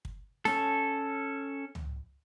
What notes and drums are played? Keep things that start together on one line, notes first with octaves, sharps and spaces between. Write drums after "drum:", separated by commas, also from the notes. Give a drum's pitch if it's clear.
drum: kick
C#4 A4, drum: snare
drum: tom C#2